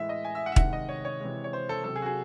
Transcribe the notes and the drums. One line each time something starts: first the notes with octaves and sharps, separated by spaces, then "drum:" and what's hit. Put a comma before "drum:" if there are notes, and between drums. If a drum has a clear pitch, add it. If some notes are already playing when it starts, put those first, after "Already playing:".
Already playing: A2 E3 G#3 E5
D#5
G#5
E5
F#5
E5
C3 D#3 G#3 F#5, drum: kick
D#5
C#5
C#5
C3 E3 G#3
C#5
C5
A4
C3 F#3 A4
G#4
F#4
G#4